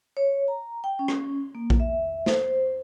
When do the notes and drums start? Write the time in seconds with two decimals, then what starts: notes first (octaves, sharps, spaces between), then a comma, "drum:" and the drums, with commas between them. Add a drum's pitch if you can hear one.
0.17 C#5
0.48 A#5
0.84 G5
0.99 C#4
1.08 drum: rim click
1.55 A#3
1.70 drum: kick A#1
1.80 E5
2.26 C5, drum: snare